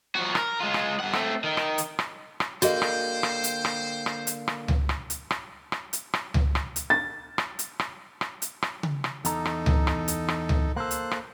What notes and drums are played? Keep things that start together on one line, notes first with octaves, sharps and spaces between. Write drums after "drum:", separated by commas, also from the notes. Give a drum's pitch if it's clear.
F3 F#4
A#4, drum: rim click
G#3 F4
drum: rim click
G2 F#5
A3 C4, drum: rim click
D#3
drum: rim click
drum: hi-hat
drum: rim click
drum: rim click
D3 A#3 F#4 G#4 C5 D#5 G5, drum: hi-hat
drum: rim click
drum: rim click
drum: hi-hat
drum: rim click
drum: rim click
drum: hi-hat
drum: rim click
drum: tom C#2
drum: rim click
drum: hi-hat
drum: rim click
drum: rim click
drum: hi-hat
drum: rim click
drum: tom C#2
drum: rim click
drum: hi-hat
A6
drum: rim click
drum: hi-hat
drum: rim click
drum: rim click
drum: hi-hat
drum: rim click
drum: tom C#3
drum: rim click
E2 D#4 A4 A#5, drum: hi-hat
drum: rim click
drum: tom C#2
drum: rim click
drum: hi-hat
drum: rim click
drum: tom C#2
A#3 A4 C5 F#6
drum: hi-hat
drum: rim click